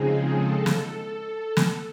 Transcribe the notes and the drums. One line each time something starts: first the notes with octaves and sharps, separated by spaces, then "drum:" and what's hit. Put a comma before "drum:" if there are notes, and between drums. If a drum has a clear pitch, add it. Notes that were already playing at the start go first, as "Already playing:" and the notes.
Already playing: C#3 F3 G#3 C4 D#4 G#4
A4
drum: snare
A4
drum: snare